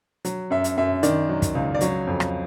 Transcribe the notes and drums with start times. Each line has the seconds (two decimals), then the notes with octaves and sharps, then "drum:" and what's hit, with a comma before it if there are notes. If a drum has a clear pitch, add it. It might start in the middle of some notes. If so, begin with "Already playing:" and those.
0.25 F#3, drum: hi-hat
0.50 F#2 E5
0.64 drum: hi-hat
0.78 F#2 E5
1.03 D#3 D5, drum: hi-hat
1.29 F#3
1.42 drum: kick, hi-hat
1.55 C#2
1.74 D5
1.81 F#3 C#5, drum: hi-hat
2.07 F2
2.20 drum: rim click